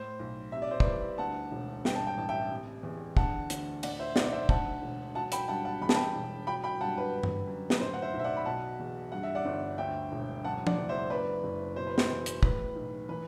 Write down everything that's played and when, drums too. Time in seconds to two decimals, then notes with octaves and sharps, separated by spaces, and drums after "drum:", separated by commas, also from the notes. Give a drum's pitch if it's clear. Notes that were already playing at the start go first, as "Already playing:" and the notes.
Already playing: A2 C5
0.19 B1
0.52 C3 E5
0.62 D5
0.71 C5
0.80 B4 D5, drum: kick
0.85 C2
1.18 D2 F#5 A5
1.52 E1
1.85 G2 G5, drum: snare
1.95 A5
2.07 G5
2.17 A1 A5
2.29 E5 G5
2.51 C3
2.83 E2
3.17 D3 F#5 A5, drum: kick
3.50 D2, drum: hi-hat
3.83 A2 D5 F#5, drum: cymbal
3.99 C5 E5
4.16 B1 D5 F#5, drum: snare
4.26 D5
4.32 C5 E5
4.49 D2 F#5 A5, drum: kick
4.82 E1
5.15 F#3 F#5 A5
5.32 G5 B5, drum: hi-hat
5.48 G2 F#5 A5
5.65 F#5 A5
5.81 E2 B5
5.89 A5, drum: snare
5.95 G5 B5
6.15 E1
6.47 F#3 G5 B5
6.64 G5 B5
6.81 G2 F#5 A5
6.98 B4
7.14 D3
7.23 drum: tom G2
7.47 F#2
7.70 B4, drum: snare
7.79 A2 C5
7.93 F#5
8.02 C5 E5
8.13 B1
8.19 E5
8.24 D5 F#5
8.37 B5
8.46 B2 F#5 A5
8.80 E2
9.12 G2 F#5
9.23 E5
9.35 D5 F#5
9.45 G1
9.78 D2 E5 G5
10.12 E1
10.44 F#2 F#5 A5
10.67 D5 F#5, drum: tom
10.77 F#1
10.89 C5 E5
11.10 F#2 B4 D5
11.43 F#1
11.76 B2 C5
11.87 B4
11.98 C5, drum: snare
12.10 E2
12.26 drum: hi-hat
12.43 A2 B4, drum: kick
12.76 B1
13.09 E3 B4